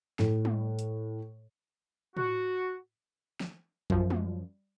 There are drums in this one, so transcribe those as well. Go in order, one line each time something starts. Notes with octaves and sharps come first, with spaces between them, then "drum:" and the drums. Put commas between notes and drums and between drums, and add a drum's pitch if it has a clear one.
A2, drum: snare
drum: tom
drum: hi-hat
F#4, drum: tom A2
drum: snare
F#2 F3, drum: kick A1
drum: tom